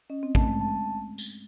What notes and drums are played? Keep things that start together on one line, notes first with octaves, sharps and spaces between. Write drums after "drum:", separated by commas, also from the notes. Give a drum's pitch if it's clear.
C#4 D#5
C4
A3 A5, drum: kick A1
G#3
A5
drum: tambourine